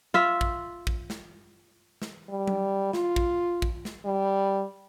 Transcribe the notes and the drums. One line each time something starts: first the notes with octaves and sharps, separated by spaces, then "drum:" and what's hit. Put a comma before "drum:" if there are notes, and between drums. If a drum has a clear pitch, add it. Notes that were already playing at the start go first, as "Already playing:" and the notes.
F4 E5
drum: kick
drum: kick
drum: snare
drum: snare
G3
drum: tom F#3
F4, drum: snare
drum: kick
drum: kick
drum: snare
G3